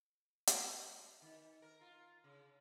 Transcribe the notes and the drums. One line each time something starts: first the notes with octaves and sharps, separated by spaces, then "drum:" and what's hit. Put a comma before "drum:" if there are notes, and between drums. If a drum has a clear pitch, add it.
drum: hi-hat
D#3
A#4
F4
C#3